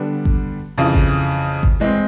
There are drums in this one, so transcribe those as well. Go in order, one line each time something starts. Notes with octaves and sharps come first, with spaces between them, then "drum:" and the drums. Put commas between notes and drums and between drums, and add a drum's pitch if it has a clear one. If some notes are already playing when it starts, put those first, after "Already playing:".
Already playing: D3 G3 B3 D4
drum: kick G#1
F2 C#3 E3
drum: kick G#1
drum: kick G#1
E3 G#3 C4